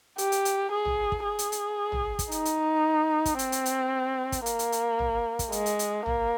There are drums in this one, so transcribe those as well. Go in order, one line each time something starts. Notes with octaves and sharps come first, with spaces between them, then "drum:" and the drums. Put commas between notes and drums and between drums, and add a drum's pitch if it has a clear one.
G4, drum: hi-hat
drum: hi-hat
drum: hi-hat
G#4
drum: tom A1
drum: kick
G#4
drum: hi-hat
drum: hi-hat
drum: tom A1
drum: kick, hi-hat
D#4, drum: hi-hat
drum: hi-hat
drum: kick, hi-hat
C4, drum: hi-hat
drum: hi-hat
drum: hi-hat
drum: kick, hi-hat
A#3, drum: hi-hat
drum: hi-hat
drum: hi-hat
drum: tom A1
drum: kick, hi-hat
G#3, drum: hi-hat
drum: hi-hat
drum: hi-hat
A#3, drum: tom A1